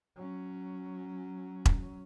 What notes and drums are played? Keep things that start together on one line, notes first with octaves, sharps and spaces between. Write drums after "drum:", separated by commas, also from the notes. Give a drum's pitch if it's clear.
F#3 C#4
drum: kick E1